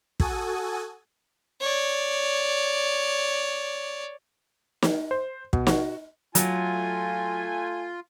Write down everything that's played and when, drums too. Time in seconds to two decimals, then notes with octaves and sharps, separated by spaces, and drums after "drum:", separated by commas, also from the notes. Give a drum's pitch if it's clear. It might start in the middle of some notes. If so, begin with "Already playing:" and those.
0.20 F#4 A4 G#5 D#6, drum: kick
1.61 C#5 D5
4.82 drum: snare
5.11 C5
5.53 B2, drum: kick
5.67 F#4, drum: snare
6.35 F#3 A3 F4 G#5, drum: hi-hat